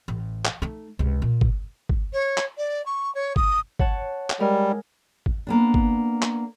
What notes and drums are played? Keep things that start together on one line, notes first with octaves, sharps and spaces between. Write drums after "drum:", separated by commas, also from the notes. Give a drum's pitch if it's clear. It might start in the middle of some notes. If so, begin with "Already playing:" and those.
A1
drum: clap
A3 D#4
C#2 C3
A#2
drum: kick
drum: kick
C#5
drum: clap
D5
C#6
C#5
D#6, drum: kick
C#5 F#5 A5, drum: kick
drum: clap
G3 G#3 A#4 G#5
drum: kick
A#3 B3 D4
drum: kick
drum: clap